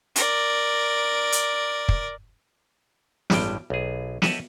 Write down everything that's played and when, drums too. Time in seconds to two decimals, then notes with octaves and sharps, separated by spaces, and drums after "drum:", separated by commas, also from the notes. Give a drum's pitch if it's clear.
0.16 A#4 D5, drum: hi-hat
1.32 drum: hi-hat
1.89 drum: kick
3.30 A1 G2 G3 G#3 G5, drum: snare
3.70 B1 G#4
4.22 G4 A4 C#5 D#5 E5 F#5, drum: snare